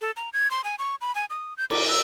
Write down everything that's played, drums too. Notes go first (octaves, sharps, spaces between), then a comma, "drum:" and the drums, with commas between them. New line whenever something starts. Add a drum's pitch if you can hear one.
A4
A#5
G#6
C6
G#5
C#6
B5
G#5
D#6
G6
D5, drum: cymbal
E6